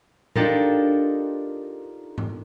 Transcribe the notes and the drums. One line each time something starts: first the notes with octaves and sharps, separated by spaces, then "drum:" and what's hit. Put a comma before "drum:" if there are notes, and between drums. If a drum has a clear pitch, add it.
D4 D#4 F4 G4 A4 A#4, drum: tom A2
drum: tom G#2